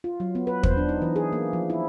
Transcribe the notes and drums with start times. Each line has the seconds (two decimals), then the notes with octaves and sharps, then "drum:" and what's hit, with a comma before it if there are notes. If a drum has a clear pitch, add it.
0.04 F4
0.20 F#3
0.35 B3
0.47 B4
0.63 C5, drum: kick
0.77 D4
0.89 D#4
1.02 E3
1.16 G#4
1.32 A#3
1.53 F3
1.70 E4